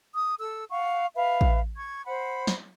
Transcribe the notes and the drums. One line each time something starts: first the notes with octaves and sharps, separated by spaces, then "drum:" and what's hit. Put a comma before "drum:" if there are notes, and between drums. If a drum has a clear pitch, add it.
D#6
A4 E6
F5 F#5 C#6
B4 E5 F5
drum: kick A1
C#6 G#6
C5 F#5 B5
drum: snare